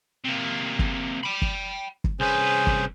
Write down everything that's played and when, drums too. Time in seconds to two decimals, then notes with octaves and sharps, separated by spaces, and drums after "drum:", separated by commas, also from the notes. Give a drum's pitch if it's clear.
0.24 C3 A#3
0.79 drum: kick
1.23 G5 B5
1.42 drum: kick
2.04 drum: kick
2.20 C2 C#4 G#4 B4 C5
2.67 drum: kick